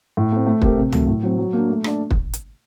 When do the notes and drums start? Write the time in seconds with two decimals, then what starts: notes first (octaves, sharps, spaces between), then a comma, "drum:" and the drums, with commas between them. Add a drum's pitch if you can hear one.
0.17 A2
0.32 A3 C4
0.46 A3
0.62 C4 G4 A#4, drum: kick
0.78 C3
0.92 F#3 A3, drum: tom
1.07 A2
1.23 F#3 C4
1.38 F#3
1.53 A#3 D4
1.69 A3
1.84 D4 A4 D5, drum: rim click
2.10 drum: kick
2.33 drum: hi-hat